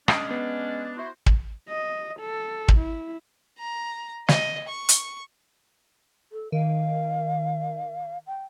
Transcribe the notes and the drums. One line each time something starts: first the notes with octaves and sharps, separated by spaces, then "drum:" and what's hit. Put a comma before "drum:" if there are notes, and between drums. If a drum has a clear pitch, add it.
G#3 C#4 D4 D#6 C7 D7, drum: rim click
B3
E4 F#4 C5
drum: kick
D#5
A4
drum: kick
E4
A#5
D#5, drum: snare
C#6
drum: hi-hat
A4
D#3 F5
G5